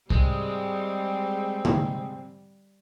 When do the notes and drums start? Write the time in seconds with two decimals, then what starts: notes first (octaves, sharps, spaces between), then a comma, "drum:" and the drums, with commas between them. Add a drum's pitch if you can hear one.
0.10 G3 G#3 C4, drum: kick C2
1.65 drum: tom D3